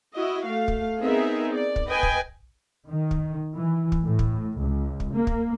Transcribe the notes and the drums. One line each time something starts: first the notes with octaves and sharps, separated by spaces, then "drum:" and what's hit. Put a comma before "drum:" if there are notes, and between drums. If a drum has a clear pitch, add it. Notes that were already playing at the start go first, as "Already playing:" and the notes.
E4 F#4 D#5
A3 F5
drum: kick
B3 C4 D#4 G#4 A#4 E5
D5
drum: kick
B4 D#5 G5 G#5
drum: kick
D#3
drum: kick
E3
drum: kick
A2
drum: kick
C#2
drum: kick
A#3
drum: kick